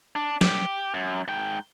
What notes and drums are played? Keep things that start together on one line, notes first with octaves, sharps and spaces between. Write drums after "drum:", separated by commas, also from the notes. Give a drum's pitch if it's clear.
D4
G4, drum: snare
F#2
G#2 G5